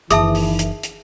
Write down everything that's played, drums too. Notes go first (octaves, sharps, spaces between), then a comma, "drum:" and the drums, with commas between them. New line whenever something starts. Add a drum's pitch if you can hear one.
F#1 D#3 E3 G#4 E5 A5 D#6, drum: hi-hat
drum: open hi-hat
drum: hi-hat
drum: hi-hat